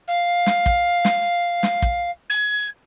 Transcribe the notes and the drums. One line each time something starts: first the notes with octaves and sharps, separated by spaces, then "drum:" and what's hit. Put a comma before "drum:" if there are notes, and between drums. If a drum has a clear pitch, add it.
F5
drum: snare
drum: kick
drum: snare
drum: snare
drum: kick
G#6